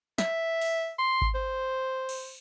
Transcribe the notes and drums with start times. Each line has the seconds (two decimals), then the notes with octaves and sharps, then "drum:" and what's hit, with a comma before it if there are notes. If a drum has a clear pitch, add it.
0.18 E5, drum: snare
0.61 drum: open hi-hat
0.98 C6
1.22 drum: kick G#1
1.35 C5
2.09 drum: cymbal